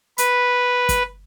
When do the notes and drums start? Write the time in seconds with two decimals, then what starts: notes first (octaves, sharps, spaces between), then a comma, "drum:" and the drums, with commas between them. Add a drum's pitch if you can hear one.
0.18 B4, drum: hi-hat
0.89 drum: kick G1, hi-hat